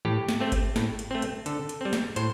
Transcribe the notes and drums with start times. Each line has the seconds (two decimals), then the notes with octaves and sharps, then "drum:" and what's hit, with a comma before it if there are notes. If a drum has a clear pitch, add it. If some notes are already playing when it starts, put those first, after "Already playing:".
0.05 A2 G4, drum: tom D#3
0.29 drum: snare
0.40 A3 C4
0.52 drum: kick G1, hi-hat
0.76 A2, drum: snare
0.99 drum: hi-hat
1.11 A3 C4
1.22 drum: hi-hat
1.46 D3 A4, drum: hi-hat
1.69 drum: hi-hat
1.81 G3 C4
1.93 drum: snare
2.16 A2 C5, drum: hi-hat